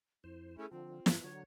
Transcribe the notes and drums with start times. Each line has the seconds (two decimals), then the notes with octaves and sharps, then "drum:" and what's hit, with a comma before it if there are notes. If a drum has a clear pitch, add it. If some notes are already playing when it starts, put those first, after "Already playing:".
0.24 F2 E4 C5
0.58 A3 C#4 E4 G#4
0.71 D3 F3 C4 F4
1.06 G2, drum: snare
1.24 D3 F#3 C#5